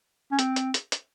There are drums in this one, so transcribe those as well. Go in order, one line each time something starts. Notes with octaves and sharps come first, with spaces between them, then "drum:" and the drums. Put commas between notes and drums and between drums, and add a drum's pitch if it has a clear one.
C#4
C4, drum: hi-hat
drum: hi-hat
drum: hi-hat
drum: hi-hat